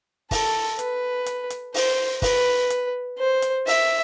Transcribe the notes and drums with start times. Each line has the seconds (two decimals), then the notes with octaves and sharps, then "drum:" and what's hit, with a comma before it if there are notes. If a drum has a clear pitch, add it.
0.31 A4, drum: kick, open hi-hat
0.79 B4, drum: hi-hat
1.26 drum: hi-hat
1.50 drum: hi-hat
1.74 C5, drum: open hi-hat
2.22 B4, drum: kick, open hi-hat
2.70 drum: hi-hat
3.19 C5
3.42 drum: hi-hat
3.67 E5, drum: open hi-hat